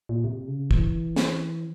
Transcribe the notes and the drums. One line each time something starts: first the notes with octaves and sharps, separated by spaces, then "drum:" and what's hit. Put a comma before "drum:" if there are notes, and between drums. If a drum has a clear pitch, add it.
A#2
C3
C#3
E3, drum: kick
drum: snare